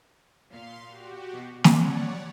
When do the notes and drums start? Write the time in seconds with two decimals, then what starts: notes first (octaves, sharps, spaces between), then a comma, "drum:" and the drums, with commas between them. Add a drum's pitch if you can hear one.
0.49 A#2 F5 C6
0.88 F#4 G4
1.32 B2
1.64 G3 C#5 D5 F#5, drum: snare